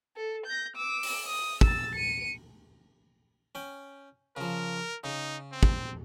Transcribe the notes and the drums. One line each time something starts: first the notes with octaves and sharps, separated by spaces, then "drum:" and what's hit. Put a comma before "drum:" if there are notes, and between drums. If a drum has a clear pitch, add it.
A4
G6 A#6
D6 E6
drum: open hi-hat
D#6
E6 A6, drum: kick
C#7 D#7
C#4 G5
C#3 F3 A#4
C#3 D#4
C4
drum: kick